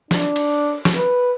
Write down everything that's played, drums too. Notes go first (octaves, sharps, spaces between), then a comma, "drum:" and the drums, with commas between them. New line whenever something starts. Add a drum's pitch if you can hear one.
D4, drum: snare
drum: cymbal
drum: snare
B4